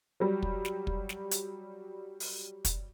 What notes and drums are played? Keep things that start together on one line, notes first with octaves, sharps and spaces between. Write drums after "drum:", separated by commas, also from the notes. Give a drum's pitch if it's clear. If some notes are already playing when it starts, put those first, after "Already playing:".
F#3 G3
drum: kick
drum: snare
drum: kick
drum: snare
drum: hi-hat
drum: open hi-hat
drum: kick, hi-hat